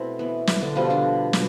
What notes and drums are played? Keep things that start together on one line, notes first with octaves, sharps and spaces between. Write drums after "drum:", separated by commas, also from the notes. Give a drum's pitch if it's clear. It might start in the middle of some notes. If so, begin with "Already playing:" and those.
Already playing: B2 A3 C4 E4
E3 B3
drum: snare
D3 D4
B2 F3 G3 B3 F4
D3 D4
B2, drum: snare